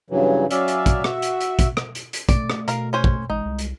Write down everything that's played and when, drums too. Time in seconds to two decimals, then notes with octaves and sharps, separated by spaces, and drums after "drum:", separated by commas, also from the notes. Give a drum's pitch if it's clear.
0.10 G2 C#3 E3 F#3
0.51 F#3 C#4 D5 E5 F5, drum: hi-hat
0.68 drum: hi-hat
0.86 drum: kick, hi-hat
1.04 F#4 E5, drum: rim click
1.22 drum: hi-hat
1.41 drum: hi-hat
1.59 drum: kick, hi-hat
1.77 drum: rim click
1.95 drum: hi-hat
2.13 drum: hi-hat
2.29 A3 D5, drum: kick, hi-hat
2.50 drum: rim click
2.68 B2 A#4 F5, drum: hi-hat
2.93 C#4 C5 G#5
3.04 drum: kick
3.30 A1 G#3 D#4
3.45 C2
3.59 drum: hi-hat